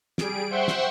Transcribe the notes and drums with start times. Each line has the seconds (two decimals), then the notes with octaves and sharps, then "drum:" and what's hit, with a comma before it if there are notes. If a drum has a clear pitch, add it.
0.18 G3 G#4 D7, drum: snare
0.51 C5 E5 F#5 G5 C6 C#6
0.68 drum: snare